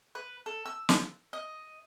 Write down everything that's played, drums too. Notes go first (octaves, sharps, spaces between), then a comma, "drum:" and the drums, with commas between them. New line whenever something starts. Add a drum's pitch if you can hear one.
B4
A4
E6
drum: snare
D#5